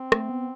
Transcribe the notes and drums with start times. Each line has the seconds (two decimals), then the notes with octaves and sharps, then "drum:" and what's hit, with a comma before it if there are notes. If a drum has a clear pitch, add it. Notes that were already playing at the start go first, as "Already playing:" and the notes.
Already playing: C4
0.12 A3, drum: rim click
0.29 B3